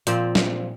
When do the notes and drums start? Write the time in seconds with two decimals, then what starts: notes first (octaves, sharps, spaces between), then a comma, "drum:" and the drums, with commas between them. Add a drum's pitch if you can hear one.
0.07 A#2 F3 C4, drum: hi-hat
0.35 drum: snare